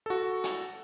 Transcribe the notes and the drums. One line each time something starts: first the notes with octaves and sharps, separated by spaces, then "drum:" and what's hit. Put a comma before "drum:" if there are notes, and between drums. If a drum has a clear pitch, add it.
F#4 A4
drum: hi-hat